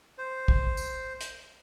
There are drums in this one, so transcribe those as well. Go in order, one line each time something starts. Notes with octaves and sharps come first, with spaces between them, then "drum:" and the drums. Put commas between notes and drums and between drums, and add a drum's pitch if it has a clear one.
C5
drum: kick
drum: tambourine
drum: hi-hat